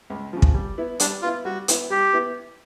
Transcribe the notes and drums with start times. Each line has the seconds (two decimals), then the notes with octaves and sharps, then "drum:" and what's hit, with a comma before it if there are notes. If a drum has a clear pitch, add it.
0.10 C#2
0.33 C#3 F3
0.42 drum: kick
0.54 G3
0.78 B3 E4
1.00 G3 D4, drum: hi-hat
1.22 B3 E4 F4
1.45 G3 F#4
1.68 B3 E4, drum: hi-hat
1.90 G3 G4
2.13 B3 E4